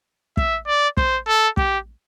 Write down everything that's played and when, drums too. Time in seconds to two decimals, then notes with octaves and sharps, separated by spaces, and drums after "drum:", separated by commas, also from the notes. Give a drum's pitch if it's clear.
0.37 E5, drum: kick
0.67 D5
0.97 C5, drum: kick
1.27 A4
1.57 G4, drum: kick